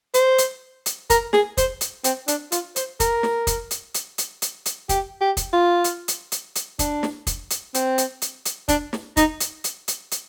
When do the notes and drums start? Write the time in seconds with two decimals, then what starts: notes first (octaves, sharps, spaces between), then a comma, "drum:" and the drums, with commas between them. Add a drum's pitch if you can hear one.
0.14 C5, drum: hi-hat
0.38 drum: hi-hat
0.86 drum: hi-hat
1.10 A#4, drum: kick, hi-hat
1.33 G#4, drum: snare
1.57 C5, drum: kick, hi-hat
1.81 drum: hi-hat
2.04 C4, drum: hi-hat
2.28 D4, drum: hi-hat
2.52 F4, drum: hi-hat
2.76 C5, drum: hi-hat
3.00 A#4, drum: kick, hi-hat
3.23 drum: snare
3.47 drum: kick, hi-hat
3.71 drum: hi-hat
3.94 drum: hi-hat
4.18 drum: hi-hat
4.42 drum: hi-hat
4.66 drum: hi-hat
4.89 G4, drum: kick, hi-hat
5.21 G4
5.37 drum: kick, hi-hat
5.53 F4
5.84 drum: hi-hat
6.08 drum: hi-hat
6.32 drum: hi-hat
6.55 drum: hi-hat
6.79 D4, drum: kick, hi-hat
7.03 drum: snare
7.27 drum: kick, hi-hat
7.50 drum: hi-hat
7.74 C4, drum: hi-hat
7.98 drum: hi-hat
8.22 drum: hi-hat
8.45 drum: hi-hat
8.68 D4, drum: kick, hi-hat
8.93 drum: snare
9.17 D#4, drum: kick, hi-hat
9.40 drum: hi-hat
9.64 drum: hi-hat
9.88 drum: hi-hat
10.11 drum: hi-hat